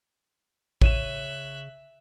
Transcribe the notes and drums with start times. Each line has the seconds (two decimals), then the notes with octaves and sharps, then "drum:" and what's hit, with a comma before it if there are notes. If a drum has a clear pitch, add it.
0.82 C#3 C#5 E5 F#6 D#7 E7, drum: kick A1